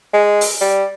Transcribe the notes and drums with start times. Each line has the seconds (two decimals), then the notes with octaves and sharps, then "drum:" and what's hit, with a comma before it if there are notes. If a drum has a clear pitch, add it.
0.13 G#3
0.41 drum: open hi-hat
0.61 G3